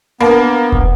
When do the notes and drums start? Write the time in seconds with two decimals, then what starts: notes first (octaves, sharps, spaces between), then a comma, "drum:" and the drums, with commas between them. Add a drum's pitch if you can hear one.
0.20 A#3 B3 D4 A5 B5
0.72 drum: kick E1